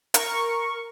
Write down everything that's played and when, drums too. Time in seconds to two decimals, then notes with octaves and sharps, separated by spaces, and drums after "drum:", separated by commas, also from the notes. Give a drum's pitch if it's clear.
0.14 A#4 C#6, drum: hi-hat